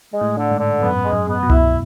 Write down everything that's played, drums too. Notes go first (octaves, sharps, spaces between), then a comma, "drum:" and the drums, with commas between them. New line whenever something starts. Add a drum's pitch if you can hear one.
G#3
A2
D3
G#2
D3
F#2 B3
G#3
F#2
B3
B2
E4, drum: tom C2